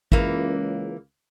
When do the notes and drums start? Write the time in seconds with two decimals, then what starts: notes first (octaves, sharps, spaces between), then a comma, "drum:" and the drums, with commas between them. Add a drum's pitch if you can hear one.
0.12 C#2 E3 A#3, drum: kick